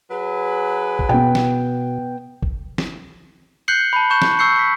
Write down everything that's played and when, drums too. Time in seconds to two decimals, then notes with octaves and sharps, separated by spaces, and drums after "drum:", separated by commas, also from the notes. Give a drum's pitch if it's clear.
0.11 F#3 G#4 B4
0.99 drum: kick
1.09 B2 B3 G5
1.35 drum: snare
2.43 drum: kick
2.78 drum: snare
3.68 F#6 G6 C7 C#7 F#7 G7
3.93 A5 B5
4.10 A5 C#6 G6 E7
4.22 drum: snare
4.39 C#6 E6 G6 C7 C#7
4.56 C#6 B6